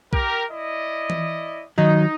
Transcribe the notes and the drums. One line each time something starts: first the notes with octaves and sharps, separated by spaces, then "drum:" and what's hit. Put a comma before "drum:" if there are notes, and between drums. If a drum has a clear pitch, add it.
G4 A#4, drum: kick B1
E4 D5 D#5
drum: tom E3
D#3 F#3 D#4